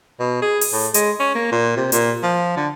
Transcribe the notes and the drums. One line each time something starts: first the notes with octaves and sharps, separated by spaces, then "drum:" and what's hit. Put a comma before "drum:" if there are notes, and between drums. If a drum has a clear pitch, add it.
B2
G#4
drum: open hi-hat
A2
G#3, drum: hi-hat
C#4
A#3
A#2
C3
A#2, drum: hi-hat
F3
D3